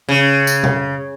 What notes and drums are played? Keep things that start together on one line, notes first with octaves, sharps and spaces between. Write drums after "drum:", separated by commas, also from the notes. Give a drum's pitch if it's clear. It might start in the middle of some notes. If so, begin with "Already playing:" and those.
C#3
drum: tambourine
drum: tom B2